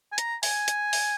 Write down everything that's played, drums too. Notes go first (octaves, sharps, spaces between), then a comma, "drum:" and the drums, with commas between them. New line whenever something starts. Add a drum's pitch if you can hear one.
G#5
A#5, drum: hi-hat
G#5, drum: open hi-hat
drum: hi-hat
drum: open hi-hat